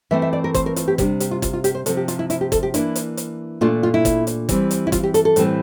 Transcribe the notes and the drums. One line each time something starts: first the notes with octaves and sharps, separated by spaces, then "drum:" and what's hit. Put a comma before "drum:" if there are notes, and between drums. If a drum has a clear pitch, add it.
E3 A3 C4 E5
E5
D5
A#4
C5, drum: kick, hi-hat
A#4
F4, drum: hi-hat
G4
C3 G3 D4 G4, drum: kick, hi-hat
G4, drum: hi-hat
F4
F4, drum: kick, hi-hat
F4
G4, drum: hi-hat
C5
C3 F3 C4 A4, drum: hi-hat
G4
F4, drum: hi-hat
E4
E4, drum: hi-hat
G4
A4, drum: kick, hi-hat
G4
E3 A#3 D4 E4, drum: hi-hat
drum: hi-hat
drum: hi-hat
A#2 A3 D4 F4
F4
E4
drum: kick, hi-hat
drum: hi-hat
E3 G3 C4, drum: kick, hi-hat
drum: hi-hat
E4
F4, drum: kick, hi-hat
G4
A4, drum: hi-hat
A4
A2 E3 G3 C4, drum: hi-hat